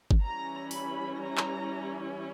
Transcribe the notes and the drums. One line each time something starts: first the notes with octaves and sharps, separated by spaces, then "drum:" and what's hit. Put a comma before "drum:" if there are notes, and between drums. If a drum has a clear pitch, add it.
drum: kick G1
E3 G3 C#4 E4 A#5
B5, drum: open hi-hat
A#5
drum: clap